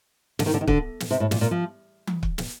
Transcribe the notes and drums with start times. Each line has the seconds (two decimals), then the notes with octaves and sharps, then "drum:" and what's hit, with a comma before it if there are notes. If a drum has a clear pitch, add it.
0.39 D3, drum: snare
0.46 D#3
0.54 D3
0.61 D#3
0.67 D3, drum: kick
1.00 drum: snare
1.11 C3
1.20 A2
1.31 A#2, drum: snare
1.41 A#2
1.51 F3
2.07 drum: tom E3
2.23 drum: kick
2.38 drum: snare